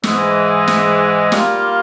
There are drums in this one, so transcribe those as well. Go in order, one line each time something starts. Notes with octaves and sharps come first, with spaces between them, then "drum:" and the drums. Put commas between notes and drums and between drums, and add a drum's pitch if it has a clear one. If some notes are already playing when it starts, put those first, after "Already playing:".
G#2 E3 G#3, drum: snare
drum: snare
G3 A#3 F4, drum: snare